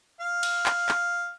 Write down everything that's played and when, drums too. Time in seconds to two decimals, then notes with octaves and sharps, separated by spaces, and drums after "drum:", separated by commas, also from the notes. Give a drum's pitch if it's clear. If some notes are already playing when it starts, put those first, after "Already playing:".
0.20 F5
0.43 drum: cymbal
0.66 drum: clap
0.89 drum: clap